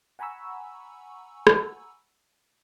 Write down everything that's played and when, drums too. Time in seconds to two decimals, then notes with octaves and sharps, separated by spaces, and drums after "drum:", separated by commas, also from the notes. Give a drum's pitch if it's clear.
0.19 F#5 G#5 A#5 B5 C#6 E6
1.47 drum: rim click